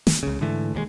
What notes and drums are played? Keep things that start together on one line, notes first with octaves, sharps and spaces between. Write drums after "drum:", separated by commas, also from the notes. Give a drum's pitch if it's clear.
drum: snare
C#2 C#3
G#2 D3 E3 A3
E1 D#2 D#3 G#3